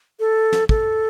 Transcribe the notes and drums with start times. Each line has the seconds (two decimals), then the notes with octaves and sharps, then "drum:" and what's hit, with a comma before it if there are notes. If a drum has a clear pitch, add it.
0.20 A4
0.52 drum: snare
0.69 A4, drum: kick